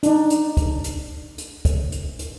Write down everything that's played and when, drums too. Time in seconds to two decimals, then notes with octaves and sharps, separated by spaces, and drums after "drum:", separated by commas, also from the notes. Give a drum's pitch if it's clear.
0.03 D4 D#4, drum: hi-hat
0.30 drum: hi-hat
0.57 drum: kick, hi-hat
0.84 drum: hi-hat
1.38 drum: hi-hat
1.65 drum: kick, hi-hat
1.92 drum: hi-hat
2.19 drum: hi-hat